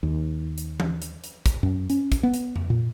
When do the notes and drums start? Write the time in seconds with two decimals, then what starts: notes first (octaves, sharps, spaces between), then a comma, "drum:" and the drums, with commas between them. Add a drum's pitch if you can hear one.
0.03 D#2
0.58 drum: hi-hat
0.80 drum: tom E3
1.02 drum: hi-hat
1.24 drum: hi-hat
1.46 drum: kick, hi-hat
1.63 F#2
1.90 C#4, drum: hi-hat
2.12 drum: kick, hi-hat
2.23 B3
2.34 drum: hi-hat
2.56 drum: tom F2
2.70 A#2